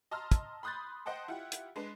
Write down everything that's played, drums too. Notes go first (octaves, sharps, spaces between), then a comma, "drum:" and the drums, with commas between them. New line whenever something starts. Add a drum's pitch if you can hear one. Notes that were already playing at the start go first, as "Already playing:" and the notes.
D#5 A5 A#5 C6 E6 F6
drum: kick, hi-hat
B5 C6 D#6 F#6 G6 A6
C5 D#5 F#5 G5 A5
E4 F4 G4 F#5
drum: hi-hat
G#3 D4 B4